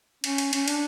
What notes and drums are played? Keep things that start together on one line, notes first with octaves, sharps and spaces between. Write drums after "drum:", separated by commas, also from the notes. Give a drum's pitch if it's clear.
C#4, drum: cymbal
drum: cymbal
C#4, drum: cymbal
D4, drum: cymbal